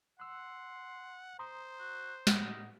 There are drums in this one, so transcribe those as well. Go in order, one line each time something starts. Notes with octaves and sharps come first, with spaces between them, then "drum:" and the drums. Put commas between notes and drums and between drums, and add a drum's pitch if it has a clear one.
F#5 C6 E6 F#6
C5 A#5 C6 D#6
F#4
A2 D#4 F#5, drum: snare